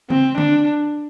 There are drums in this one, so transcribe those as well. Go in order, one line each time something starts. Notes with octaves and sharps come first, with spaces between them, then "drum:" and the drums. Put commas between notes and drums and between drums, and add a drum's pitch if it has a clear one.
C4, drum: tom C#3
D4, drum: tom D3